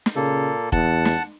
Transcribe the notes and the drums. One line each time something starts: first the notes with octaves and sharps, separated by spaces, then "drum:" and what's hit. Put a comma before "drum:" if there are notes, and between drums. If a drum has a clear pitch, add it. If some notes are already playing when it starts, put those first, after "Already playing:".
drum: snare
A#2 C#3 A#3 A4
E2 F#5 A5, drum: kick F1
drum: snare